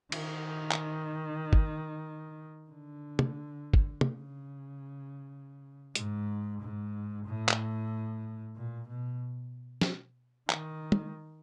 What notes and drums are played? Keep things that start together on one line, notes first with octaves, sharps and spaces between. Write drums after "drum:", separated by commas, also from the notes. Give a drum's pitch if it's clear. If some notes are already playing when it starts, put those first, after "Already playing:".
D#3, drum: cymbal
drum: clap
drum: kick
D3
drum: tom
drum: kick
C#3, drum: tom
G#2, drum: hi-hat
G#2
A2
drum: clap
A#2
B2
drum: snare
D#3, drum: clap
drum: tom